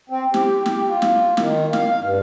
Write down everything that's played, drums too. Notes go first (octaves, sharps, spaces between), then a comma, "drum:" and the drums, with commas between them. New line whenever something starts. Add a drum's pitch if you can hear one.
C4
G4, drum: snare
G4, drum: snare
F4
drum: snare
D#3, drum: snare
F5, drum: snare
G2